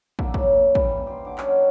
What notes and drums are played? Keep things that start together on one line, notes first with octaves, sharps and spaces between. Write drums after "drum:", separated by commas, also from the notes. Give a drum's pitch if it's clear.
D3 A#3 E5, drum: kick
C#3 C#4, drum: kick
E3 G3, drum: kick
G4 C5
D3 D6
D#3 F#3 C#4, drum: clap